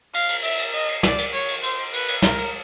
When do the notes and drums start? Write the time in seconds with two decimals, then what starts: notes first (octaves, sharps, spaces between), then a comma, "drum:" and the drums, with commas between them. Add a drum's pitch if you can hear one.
0.14 F5, drum: cymbal
0.29 drum: cymbal
0.43 E5, drum: cymbal
0.59 drum: cymbal
0.73 D#5, drum: cymbal
0.89 drum: cymbal
1.03 D5, drum: snare
1.18 drum: cymbal
1.33 C#5
1.48 drum: cymbal
1.63 C5, drum: cymbal
1.78 drum: cymbal
1.93 B4, drum: cymbal
2.08 drum: cymbal
2.22 A#4, drum: snare
2.38 drum: cymbal